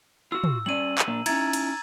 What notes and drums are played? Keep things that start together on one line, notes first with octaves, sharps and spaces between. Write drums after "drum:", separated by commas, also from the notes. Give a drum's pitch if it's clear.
F4 F#4 E6
drum: tom
G3 C#4 D5 D#7 F#7
drum: clap
A#2 A#3 D4
C#4 D#4 E4 A#5 G#6 A6, drum: cymbal
drum: cymbal